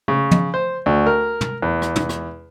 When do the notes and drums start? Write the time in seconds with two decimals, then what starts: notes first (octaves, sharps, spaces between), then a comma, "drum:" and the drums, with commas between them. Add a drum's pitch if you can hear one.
0.08 C#3
0.31 drum: tom
0.54 C5
0.86 D2
1.07 A#4
1.41 drum: tom
1.62 E2
1.82 drum: rim click
1.96 drum: tom
2.09 drum: rim click